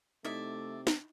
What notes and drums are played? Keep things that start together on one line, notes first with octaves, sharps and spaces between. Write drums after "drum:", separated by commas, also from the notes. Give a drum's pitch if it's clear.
C3 A3 D#4 E4 D5 E5
drum: snare